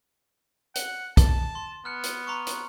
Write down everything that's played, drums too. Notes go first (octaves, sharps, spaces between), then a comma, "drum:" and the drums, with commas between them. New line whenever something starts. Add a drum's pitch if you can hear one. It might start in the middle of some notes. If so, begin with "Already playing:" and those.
F#5, drum: hi-hat
A5, drum: kick, hi-hat
C6
B3 F6 F#6 C#7
drum: hi-hat
A#5 C6 C#6
drum: hi-hat